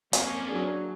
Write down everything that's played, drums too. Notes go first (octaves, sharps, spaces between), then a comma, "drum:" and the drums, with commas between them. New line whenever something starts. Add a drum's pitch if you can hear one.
A#3 C4 C#4 A4, drum: hi-hat
F#3 D4 G#4